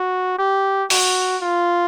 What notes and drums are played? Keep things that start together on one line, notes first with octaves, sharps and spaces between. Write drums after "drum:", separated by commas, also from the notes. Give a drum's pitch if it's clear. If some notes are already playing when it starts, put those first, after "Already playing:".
Already playing: F#4
G4
F#4, drum: open hi-hat
F4